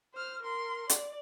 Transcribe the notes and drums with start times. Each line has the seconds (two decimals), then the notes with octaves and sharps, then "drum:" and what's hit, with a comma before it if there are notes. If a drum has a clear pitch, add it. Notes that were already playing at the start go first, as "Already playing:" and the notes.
0.14 C5 F6
0.43 A#4 C6
0.90 D5, drum: hi-hat